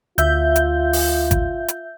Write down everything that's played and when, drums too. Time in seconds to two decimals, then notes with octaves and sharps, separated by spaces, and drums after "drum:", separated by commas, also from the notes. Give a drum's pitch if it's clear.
0.18 D2 F4 E5 G6, drum: hi-hat
0.56 drum: hi-hat
0.93 drum: open hi-hat
1.31 drum: kick G#1, hi-hat
1.68 drum: hi-hat